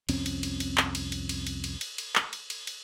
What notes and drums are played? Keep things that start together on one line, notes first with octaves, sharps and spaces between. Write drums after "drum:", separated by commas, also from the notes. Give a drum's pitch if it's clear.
C2 F2 C4 C#4, drum: cymbal
drum: cymbal
drum: cymbal
drum: cymbal
drum: clap
drum: cymbal
drum: cymbal
drum: cymbal
drum: cymbal
drum: cymbal
drum: cymbal
drum: cymbal
drum: clap
drum: cymbal
drum: cymbal
drum: cymbal